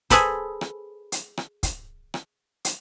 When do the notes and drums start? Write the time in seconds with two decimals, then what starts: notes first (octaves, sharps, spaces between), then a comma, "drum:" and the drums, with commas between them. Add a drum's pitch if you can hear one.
0.10 G#4 A4 B4 C5, drum: kick, hi-hat
0.61 drum: rim click
1.12 drum: hi-hat
1.37 drum: rim click
1.63 drum: kick, hi-hat
2.14 drum: rim click
2.65 drum: hi-hat